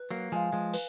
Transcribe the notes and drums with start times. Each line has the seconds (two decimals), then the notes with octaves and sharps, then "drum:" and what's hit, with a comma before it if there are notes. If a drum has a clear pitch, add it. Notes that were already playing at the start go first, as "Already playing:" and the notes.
Already playing: B4
0.11 F#3 A#3
0.32 F3 G#3 F5 G#5
0.53 F3 G#3
0.74 B4, drum: cymbal